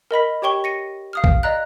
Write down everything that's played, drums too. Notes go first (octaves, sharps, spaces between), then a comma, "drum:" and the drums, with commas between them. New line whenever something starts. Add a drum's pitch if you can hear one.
A#4 D#5 B5 B6
G4 C#5 G5 C#6 G7
A#6 C#7 D#7
F5 D#6 F6
drum: kick A#1
D5 D#5 A#5 F#6